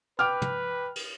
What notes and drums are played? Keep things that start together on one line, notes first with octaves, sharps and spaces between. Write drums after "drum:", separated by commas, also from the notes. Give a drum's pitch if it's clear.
B4 G5 D6 F6
drum: tom
drum: cymbal